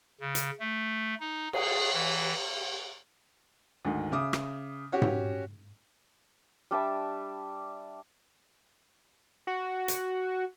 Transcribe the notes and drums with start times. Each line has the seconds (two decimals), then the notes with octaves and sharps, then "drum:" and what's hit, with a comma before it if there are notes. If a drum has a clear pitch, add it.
0.21 C#3
0.35 drum: hi-hat
0.60 A3
1.20 D#4
1.53 G#4, drum: cymbal
1.93 E3
3.85 D2 G#2 D#3
4.12 C#3 E5 D6 D#6
4.33 drum: rim click
4.92 C#4 F#4 G4
5.02 drum: tom G#2
6.71 G3 D4 E5 A5
9.47 F#4
9.88 drum: hi-hat